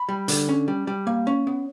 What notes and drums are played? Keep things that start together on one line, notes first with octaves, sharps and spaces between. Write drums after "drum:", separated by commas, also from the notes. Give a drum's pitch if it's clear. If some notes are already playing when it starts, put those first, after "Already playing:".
Already playing: B5
G3
D3, drum: hi-hat
C#4
G3
G3
A#3
C#4
B3